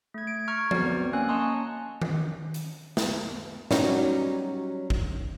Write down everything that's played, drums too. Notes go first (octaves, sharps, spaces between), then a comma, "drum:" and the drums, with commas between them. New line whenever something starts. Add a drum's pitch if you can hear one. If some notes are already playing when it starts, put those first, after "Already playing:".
A3 G#6
D7
A#5 C#6 F6 G#6
B3 C4 F#4 D5, drum: tom F3
A#3 C#4 G#5 F#6
D#5 A5 A#5 C6 C#6 D#6
drum: tom D#3
drum: hi-hat
drum: snare
F#3 G3 C#4 D#4 F#4 D5, drum: snare
drum: kick